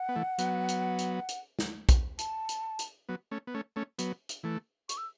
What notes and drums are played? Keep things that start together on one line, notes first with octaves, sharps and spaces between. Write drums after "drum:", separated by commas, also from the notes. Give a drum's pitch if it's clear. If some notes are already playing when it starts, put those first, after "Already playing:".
Already playing: F#5
B3
E3 A3
F#3 B3, drum: hi-hat
drum: hi-hat
drum: hi-hat
drum: hi-hat
drum: snare
drum: kick, hi-hat
A5, drum: hi-hat
drum: hi-hat
drum: hi-hat
F#3 B3
A3 C#4
B3
A3 C#4
A3 C#4
F#3 B3, drum: hi-hat
drum: hi-hat
E3 A3
C#6, drum: hi-hat
E6